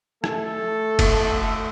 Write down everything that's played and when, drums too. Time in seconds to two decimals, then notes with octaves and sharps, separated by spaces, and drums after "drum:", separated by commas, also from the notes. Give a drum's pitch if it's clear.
0.24 A3 A4, drum: rim click
0.99 drum: kick, cymbal